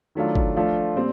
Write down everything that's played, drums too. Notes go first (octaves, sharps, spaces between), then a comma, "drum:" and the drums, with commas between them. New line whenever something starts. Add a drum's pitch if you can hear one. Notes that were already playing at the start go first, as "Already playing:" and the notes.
D#3 F#3 A3 D4 F4
drum: kick
F3 A3 D4 F4
A#2 G3 C4